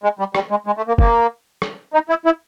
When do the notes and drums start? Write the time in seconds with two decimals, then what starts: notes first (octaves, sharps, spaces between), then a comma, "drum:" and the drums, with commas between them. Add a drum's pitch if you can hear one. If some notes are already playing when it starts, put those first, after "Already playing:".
0.03 G#3
0.19 G3
0.35 G3, drum: rim click
0.51 G#3
0.66 G#3
0.77 A3
0.88 A#3
0.98 A#3, drum: kick
1.62 drum: rim click
1.94 D#4
2.09 E4
2.25 E4